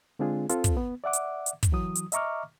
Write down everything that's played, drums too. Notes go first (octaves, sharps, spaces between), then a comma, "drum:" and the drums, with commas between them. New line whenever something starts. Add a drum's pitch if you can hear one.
D3 G#3 C4 D4 F4 G#4
C4 F4 A4, drum: hi-hat
drum: kick, hi-hat
B3
D5 E5 F#5 D6
drum: hi-hat
drum: hi-hat
drum: kick, hi-hat
E3 F#3 D#6
drum: hi-hat
D#5 E5 A#5 C#6 D6 F6, drum: hi-hat